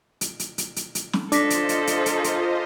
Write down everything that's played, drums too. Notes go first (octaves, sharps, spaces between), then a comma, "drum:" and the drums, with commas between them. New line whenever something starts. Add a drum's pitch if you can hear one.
drum: hi-hat
drum: hi-hat
drum: hi-hat
drum: hi-hat
drum: hi-hat
drum: snare
D4 F4 A4 C5 D#5 D6 A#6 B6, drum: hi-hat
drum: hi-hat
drum: hi-hat
drum: hi-hat
drum: hi-hat
drum: hi-hat